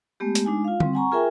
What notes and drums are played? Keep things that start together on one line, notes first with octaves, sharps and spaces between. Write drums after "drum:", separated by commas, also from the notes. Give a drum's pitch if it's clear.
G#3 A3 B3 G4
drum: hi-hat
G#3 D4 D#4 G#5
F4 F5
G3 C4, drum: tom D3
F#5 G#5 A#5 C#6
F4 G#4 A#4 E5 G5 G#5